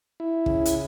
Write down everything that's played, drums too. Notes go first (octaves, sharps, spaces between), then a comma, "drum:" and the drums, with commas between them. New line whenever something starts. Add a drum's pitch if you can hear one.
E4
C#3, drum: kick
drum: hi-hat